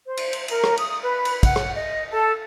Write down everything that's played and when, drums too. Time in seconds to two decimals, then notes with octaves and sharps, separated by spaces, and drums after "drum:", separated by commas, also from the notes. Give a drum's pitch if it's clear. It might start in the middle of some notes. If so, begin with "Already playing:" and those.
0.06 C5
0.17 drum: cymbal
0.33 drum: cymbal
0.48 A#4, drum: cymbal
0.64 drum: rim click
0.78 D#6, drum: cymbal
1.02 B4
1.25 drum: cymbal
1.43 F#5, drum: kick, cymbal
1.56 drum: rim click
1.75 D#5
2.10 A4